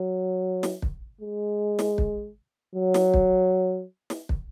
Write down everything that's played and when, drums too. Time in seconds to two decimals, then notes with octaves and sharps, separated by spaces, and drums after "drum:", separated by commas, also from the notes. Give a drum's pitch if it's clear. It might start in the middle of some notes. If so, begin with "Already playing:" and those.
Already playing: F#3
0.63 drum: snare
0.82 drum: kick
1.21 G#3
1.79 drum: snare
1.98 drum: kick
2.75 F#3
2.94 drum: snare
3.14 drum: kick
4.10 drum: snare
4.29 drum: kick